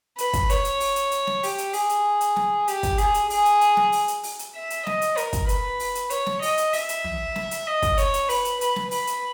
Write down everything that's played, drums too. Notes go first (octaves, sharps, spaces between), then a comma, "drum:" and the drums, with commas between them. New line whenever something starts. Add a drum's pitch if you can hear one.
B4, drum: hi-hat
drum: kick, hi-hat
C#5, drum: hi-hat
drum: hi-hat
drum: open hi-hat
drum: hi-hat
drum: hi-hat
drum: snare
G4, drum: open hi-hat
drum: hi-hat
G#4, drum: open hi-hat
drum: hi-hat
drum: hi-hat
drum: snare
G4, drum: hi-hat
drum: kick, hi-hat
G#4, drum: hi-hat
drum: hi-hat
G#4, drum: open hi-hat
drum: hi-hat
drum: hi-hat
drum: snare
drum: open hi-hat
drum: hi-hat
drum: open hi-hat
drum: hi-hat
E5
drum: hi-hat
D#5, drum: snare
drum: hi-hat
A#4, drum: hi-hat
drum: kick, hi-hat
B4, drum: hi-hat
drum: open hi-hat
drum: hi-hat
C#5, drum: hi-hat
drum: snare
D#5, drum: open hi-hat
drum: hi-hat
E5, drum: open hi-hat
drum: hi-hat
drum: tom
drum: snare
drum: hi-hat
D#5
drum: kick, hi-hat
C#5, drum: hi-hat
drum: hi-hat
B4, drum: open hi-hat
drum: hi-hat
B4, drum: hi-hat
drum: snare
B4, drum: open hi-hat
drum: hi-hat